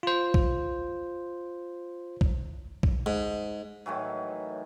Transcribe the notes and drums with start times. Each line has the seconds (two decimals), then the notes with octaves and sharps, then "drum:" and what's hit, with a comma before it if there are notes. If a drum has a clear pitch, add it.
0.03 F4 C5
0.34 drum: kick
2.21 drum: kick
2.83 drum: kick
3.06 G#2
3.86 A2 D#3 E3 F#3